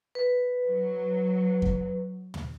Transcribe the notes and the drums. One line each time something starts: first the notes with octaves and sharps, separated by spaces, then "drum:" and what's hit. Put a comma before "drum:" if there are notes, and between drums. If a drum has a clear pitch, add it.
B4
F#3
drum: kick F2
drum: tom